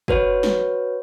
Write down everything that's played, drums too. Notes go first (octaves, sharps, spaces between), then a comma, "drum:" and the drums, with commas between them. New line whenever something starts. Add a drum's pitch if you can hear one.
F#4 B4 C#5, drum: kick
drum: snare